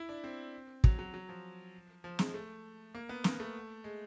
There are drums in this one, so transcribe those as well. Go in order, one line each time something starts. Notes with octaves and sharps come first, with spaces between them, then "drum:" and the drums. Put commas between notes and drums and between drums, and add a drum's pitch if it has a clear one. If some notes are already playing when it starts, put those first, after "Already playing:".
Already playing: E4
D4
C4
F#3, drum: kick
F#3
F#3
F3
F3
G#3, drum: snare
A3
A#3
B3
A#3, drum: snare
A3
G#3